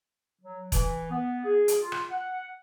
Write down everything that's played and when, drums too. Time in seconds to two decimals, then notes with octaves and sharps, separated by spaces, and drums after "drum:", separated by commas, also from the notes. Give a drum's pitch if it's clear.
0.41 F#3
0.72 E3, drum: kick E1, hi-hat
1.11 B3
1.45 G#4
1.68 drum: hi-hat
1.80 F4
1.92 drum: rim click
2.11 F#5